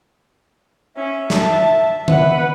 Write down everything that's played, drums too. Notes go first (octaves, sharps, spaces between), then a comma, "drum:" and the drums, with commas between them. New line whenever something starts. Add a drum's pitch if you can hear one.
C#4 E5
A5, drum: snare
B4 F#5, drum: tom D3